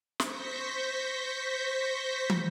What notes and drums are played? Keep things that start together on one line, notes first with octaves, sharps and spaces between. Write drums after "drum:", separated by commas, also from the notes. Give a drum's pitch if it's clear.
C5 C#6 G6 A#6 B6, drum: snare
drum: tom